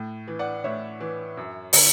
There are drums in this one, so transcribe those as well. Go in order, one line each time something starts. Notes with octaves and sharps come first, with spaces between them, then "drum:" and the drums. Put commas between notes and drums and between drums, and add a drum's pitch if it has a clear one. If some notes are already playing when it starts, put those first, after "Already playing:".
Already playing: A2
E3
D5 F#5
A2 C#5 E5
E3
F#2
D3, drum: open hi-hat